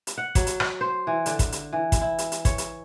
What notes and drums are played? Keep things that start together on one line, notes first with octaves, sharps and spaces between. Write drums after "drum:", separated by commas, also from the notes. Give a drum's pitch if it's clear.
drum: hi-hat
F#5
F#3, drum: kick, hi-hat
drum: hi-hat
drum: rim click
C5
E3
D3, drum: hi-hat
drum: kick, hi-hat
drum: hi-hat
E3
drum: kick, hi-hat
E4
drum: hi-hat
drum: hi-hat
C#5, drum: kick, hi-hat
drum: hi-hat